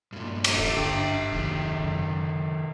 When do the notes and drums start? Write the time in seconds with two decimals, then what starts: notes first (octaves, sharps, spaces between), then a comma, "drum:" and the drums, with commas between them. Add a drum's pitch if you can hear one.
0.13 G2 A#2
0.44 drum: cymbal
0.57 D#1 A4
0.76 G#1 G2 D3 D4 G5
1.32 F#1 D#2 C3 D#3
1.80 F#2 C#3